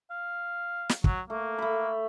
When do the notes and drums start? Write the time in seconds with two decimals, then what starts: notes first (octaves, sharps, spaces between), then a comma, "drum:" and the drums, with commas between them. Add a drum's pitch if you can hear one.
0.11 F5
0.89 drum: snare
1.04 F#3, drum: kick
1.30 A3 A#3
1.58 A3 B5